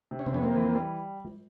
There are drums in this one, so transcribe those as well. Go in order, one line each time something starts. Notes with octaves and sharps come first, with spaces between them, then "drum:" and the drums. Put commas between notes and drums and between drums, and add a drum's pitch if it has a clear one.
C3
C#4
C4, drum: tom C3
F2 B3 C#4
A#3 C4
E3
G3
drum: tom G#3